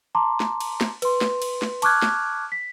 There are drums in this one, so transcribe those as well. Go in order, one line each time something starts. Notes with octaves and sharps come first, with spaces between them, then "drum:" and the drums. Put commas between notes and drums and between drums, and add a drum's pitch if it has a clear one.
A5 A#5 C6 D6
drum: snare
drum: cymbal
drum: snare
B4 C6, drum: cymbal
drum: snare
drum: cymbal
drum: snare
A5 C#6 D6 F6 F#6 G#6, drum: cymbal
drum: snare
B6